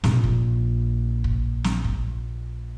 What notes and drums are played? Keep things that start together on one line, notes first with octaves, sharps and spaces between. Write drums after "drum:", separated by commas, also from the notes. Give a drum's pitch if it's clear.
A#1 A#2, drum: snare
drum: kick
drum: kick
drum: snare
drum: kick